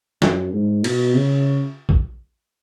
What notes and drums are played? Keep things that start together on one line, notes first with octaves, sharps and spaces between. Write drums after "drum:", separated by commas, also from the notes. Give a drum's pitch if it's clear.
F#2, drum: snare
G#2
B2, drum: cymbal
C#3
drum: kick A#1